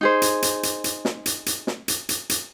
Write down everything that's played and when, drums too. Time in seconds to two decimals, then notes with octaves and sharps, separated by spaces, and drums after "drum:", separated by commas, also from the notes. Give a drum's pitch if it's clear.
0.01 D#4 G#4 C5
0.22 drum: hi-hat
0.42 drum: hi-hat
0.63 drum: hi-hat
0.84 drum: hi-hat
1.05 drum: snare
1.26 drum: hi-hat
1.46 drum: hi-hat
1.67 drum: snare
1.88 drum: hi-hat
2.09 drum: hi-hat
2.29 drum: hi-hat